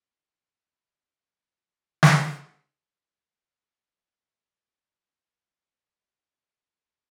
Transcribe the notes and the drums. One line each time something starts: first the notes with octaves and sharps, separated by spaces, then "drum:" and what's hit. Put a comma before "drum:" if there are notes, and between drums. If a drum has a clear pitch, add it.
F3 B3 G4 G5
G3 B4 F#5 B5
F3
drum: snare
F#5 G5
E3 G3 A3 C#4 F#4 C5
F#3 A3 G4 C5
G#2 F3 G#3 D#4